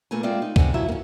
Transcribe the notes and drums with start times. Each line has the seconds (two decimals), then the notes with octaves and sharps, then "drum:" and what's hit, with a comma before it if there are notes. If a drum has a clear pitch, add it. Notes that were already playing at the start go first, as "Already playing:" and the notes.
0.11 A#2 A3 A#3 B4 G#5
0.23 G#3 C4 F4 A#4 D5 E5
0.42 D#4
0.56 C3 G3 C4 A4 F#5 G#5, drum: kick
0.74 G#2 F3 F#3 E4 E5
0.88 A#3 C#4